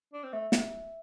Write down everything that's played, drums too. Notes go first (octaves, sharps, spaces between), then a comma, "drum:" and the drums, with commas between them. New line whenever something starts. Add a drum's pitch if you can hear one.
D4
C4
A3 E5
drum: snare